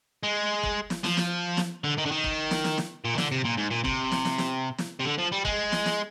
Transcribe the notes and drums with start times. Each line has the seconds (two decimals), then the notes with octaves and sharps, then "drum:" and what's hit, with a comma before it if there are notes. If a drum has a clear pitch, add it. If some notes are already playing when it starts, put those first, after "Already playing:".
0.23 G#3
0.63 drum: kick
0.90 drum: snare
1.04 F3, drum: snare
1.17 drum: snare
1.57 drum: snare
1.84 D3
1.98 D#3
2.05 D3
2.11 D#3
2.24 drum: kick
2.51 drum: snare
2.64 drum: snare
2.78 drum: snare
3.05 A#2
3.14 D#3
3.18 D3, drum: snare
3.32 C3
3.45 A#2
3.58 G#2
3.71 A#2
3.85 C3, drum: kick
4.11 drum: snare
4.25 drum: snare
4.38 drum: snare
4.78 drum: snare
5.00 C3
5.05 D3
5.18 F3
5.32 G3
5.45 G#3, drum: kick
5.72 drum: snare
5.86 drum: snare